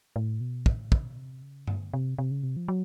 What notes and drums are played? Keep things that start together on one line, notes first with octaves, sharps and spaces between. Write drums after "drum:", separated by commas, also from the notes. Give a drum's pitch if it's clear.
A2
B2
A2, drum: kick
B2, drum: kick
C3
C#3
D3, drum: tom G2
C3
C3
C#3
C3
F3
F#3